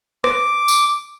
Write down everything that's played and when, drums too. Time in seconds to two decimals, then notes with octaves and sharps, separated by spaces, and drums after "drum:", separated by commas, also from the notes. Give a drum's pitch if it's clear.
0.24 D6, drum: rim click
0.68 drum: tambourine